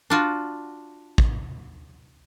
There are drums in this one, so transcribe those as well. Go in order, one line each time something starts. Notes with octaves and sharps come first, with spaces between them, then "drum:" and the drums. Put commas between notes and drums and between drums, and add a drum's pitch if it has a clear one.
D4 F4 F#4
drum: kick